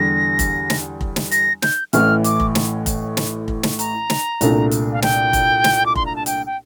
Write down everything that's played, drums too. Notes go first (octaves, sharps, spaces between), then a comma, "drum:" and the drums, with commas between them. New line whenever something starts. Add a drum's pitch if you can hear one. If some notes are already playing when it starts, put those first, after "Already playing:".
Already playing: E2 D3 G3 A#6
drum: kick F1, hi-hat
drum: snare
drum: kick F1
drum: snare
A#6, drum: hi-hat
G6, drum: snare
A1 A2 E3 F6, drum: hi-hat
D6, drum: hi-hat
drum: kick F1
drum: snare
drum: kick F1, hi-hat
drum: snare
drum: kick F1
drum: snare
A#5, drum: hi-hat
drum: snare
C2 A#2 A3 D4, drum: hi-hat
drum: hi-hat
F5
G5, drum: snare
drum: kick F1, hi-hat
drum: snare
D6
C6, drum: kick F1
A#5
A5
G5, drum: hi-hat
G5